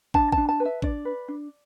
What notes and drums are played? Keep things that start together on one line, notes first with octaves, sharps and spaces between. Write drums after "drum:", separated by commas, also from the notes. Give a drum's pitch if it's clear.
D4 A5, drum: kick
D4 A5, drum: kick
A5
B4
E5
D4 D5, drum: kick
B4
D4